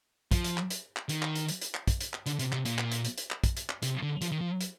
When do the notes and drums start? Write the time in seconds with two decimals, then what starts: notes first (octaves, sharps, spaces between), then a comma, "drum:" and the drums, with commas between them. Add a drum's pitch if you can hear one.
0.31 F3, drum: kick, hi-hat
0.44 drum: hi-hat
0.57 drum: clap
0.70 drum: hi-hat
0.96 drum: clap
1.09 D#3, drum: hi-hat
1.22 drum: clap
1.35 drum: hi-hat
1.48 drum: hi-hat
1.62 drum: hi-hat
1.75 drum: clap
1.88 drum: kick, hi-hat
2.01 drum: hi-hat
2.14 drum: clap
2.26 D3, drum: hi-hat
2.39 C3, drum: hi-hat
2.52 C3, drum: clap
2.65 A#2, drum: hi-hat
2.79 drum: clap
2.92 drum: hi-hat
3.05 drum: hi-hat
3.18 drum: hi-hat
3.31 drum: clap
3.44 drum: kick, hi-hat
3.57 drum: hi-hat
3.70 drum: clap
3.83 C3, drum: hi-hat
4.02 D3
4.22 F3, drum: hi-hat
4.32 D#3
4.41 F3
4.61 drum: hi-hat